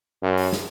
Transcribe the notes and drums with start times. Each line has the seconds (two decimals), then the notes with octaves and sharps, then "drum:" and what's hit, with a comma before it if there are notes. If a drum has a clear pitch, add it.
0.22 F#2
0.38 drum: open hi-hat
0.52 drum: snare